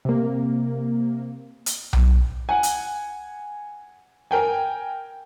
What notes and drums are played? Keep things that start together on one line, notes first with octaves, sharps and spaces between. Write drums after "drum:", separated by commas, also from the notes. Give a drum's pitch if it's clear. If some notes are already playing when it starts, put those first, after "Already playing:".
C3 A#3
drum: hi-hat
drum: tom B1
F#5 G#5
drum: hi-hat
A#4 G5 G#5